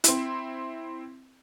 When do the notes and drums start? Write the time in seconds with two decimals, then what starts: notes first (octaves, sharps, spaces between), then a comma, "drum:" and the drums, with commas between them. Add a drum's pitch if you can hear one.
0.04 C4 E4, drum: hi-hat